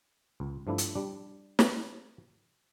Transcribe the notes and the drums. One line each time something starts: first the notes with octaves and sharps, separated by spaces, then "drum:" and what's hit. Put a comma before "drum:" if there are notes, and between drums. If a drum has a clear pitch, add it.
C#2
G2 F3 A3 D4 E4
drum: hi-hat
G3 D4
drum: snare